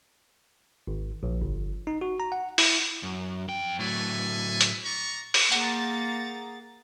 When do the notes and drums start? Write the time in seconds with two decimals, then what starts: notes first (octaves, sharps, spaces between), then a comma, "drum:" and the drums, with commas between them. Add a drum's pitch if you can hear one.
0.87 G#1
1.23 A#1
1.42 G1
1.87 D#4
2.01 F#4
2.20 A#5
2.32 F#5
2.58 E4, drum: open hi-hat
3.03 F#2
3.48 F2 G5
3.79 A2 F#3 A4 B4 G#5
4.61 drum: hi-hat
4.84 D5 A#5 C#6
5.34 drum: open hi-hat
5.52 A#3 G#4 F#5 A#5 A6, drum: tambourine